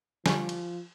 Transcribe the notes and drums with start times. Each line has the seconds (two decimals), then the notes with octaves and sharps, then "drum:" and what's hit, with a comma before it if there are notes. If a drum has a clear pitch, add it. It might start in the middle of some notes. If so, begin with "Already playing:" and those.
0.26 D3 F3 G3 G#5 C#6, drum: snare
0.49 drum: cymbal